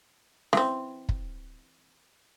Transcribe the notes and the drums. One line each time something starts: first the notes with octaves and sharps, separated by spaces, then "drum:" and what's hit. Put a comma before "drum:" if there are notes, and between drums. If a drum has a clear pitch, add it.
E3 C4, drum: snare C#4
drum: kick